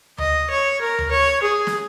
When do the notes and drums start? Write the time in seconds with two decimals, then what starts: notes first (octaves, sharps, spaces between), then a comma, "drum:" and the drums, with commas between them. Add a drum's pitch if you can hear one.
0.18 D#5, drum: tom D2
0.50 C#5
0.81 A#4
0.99 drum: tom D2
1.11 C#5
1.42 G#4
1.67 drum: snare